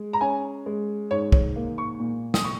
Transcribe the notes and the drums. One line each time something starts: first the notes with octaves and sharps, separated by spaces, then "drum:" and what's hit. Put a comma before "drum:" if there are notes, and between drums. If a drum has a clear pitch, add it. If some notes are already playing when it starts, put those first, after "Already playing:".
Already playing: G#3
A#5
C#4 G#5
G#3
G#2 C#5
C#5, drum: kick
A#3
C#6
A#2
D#6, drum: snare
C#6